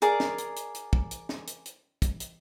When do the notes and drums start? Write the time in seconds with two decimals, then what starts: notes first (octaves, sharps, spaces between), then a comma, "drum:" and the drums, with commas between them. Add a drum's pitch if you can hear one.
0.02 G#4 A#4 D5, drum: hi-hat
0.20 drum: snare
0.38 drum: hi-hat
0.56 drum: hi-hat
0.75 drum: hi-hat
0.93 drum: kick
1.11 drum: hi-hat
1.29 drum: snare
1.47 drum: hi-hat
1.66 drum: hi-hat
2.02 drum: kick, hi-hat
2.20 drum: hi-hat